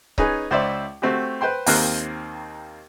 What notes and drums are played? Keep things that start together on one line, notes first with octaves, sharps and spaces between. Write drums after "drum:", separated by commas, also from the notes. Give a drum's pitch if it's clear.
C#4 D#4 G#4 B4 G#5, drum: kick C#1
C#2 C5 D5 E5
A3 C4 F#4 G4
B4 C5 G5 C6
D#2 D#3 A#3 C4 F6 F#6, drum: open hi-hat